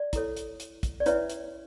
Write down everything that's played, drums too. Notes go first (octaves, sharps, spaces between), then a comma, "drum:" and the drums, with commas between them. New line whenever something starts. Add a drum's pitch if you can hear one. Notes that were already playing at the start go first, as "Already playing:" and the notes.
Already playing: D5
E4 A4 C#5, drum: kick, hi-hat
drum: hi-hat
drum: hi-hat
drum: kick, hi-hat
D5
C#4 E4 B4 C#5 E5, drum: hi-hat
drum: hi-hat